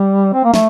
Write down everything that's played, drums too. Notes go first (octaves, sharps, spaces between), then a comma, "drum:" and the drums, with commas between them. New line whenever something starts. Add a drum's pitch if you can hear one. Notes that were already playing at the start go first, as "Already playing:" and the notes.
Already playing: G3
C4
A#3
A3, drum: snare